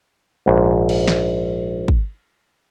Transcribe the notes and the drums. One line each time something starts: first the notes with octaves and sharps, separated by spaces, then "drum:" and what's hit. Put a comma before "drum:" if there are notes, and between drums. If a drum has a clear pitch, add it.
A#1 G#2
drum: cymbal
drum: snare
drum: kick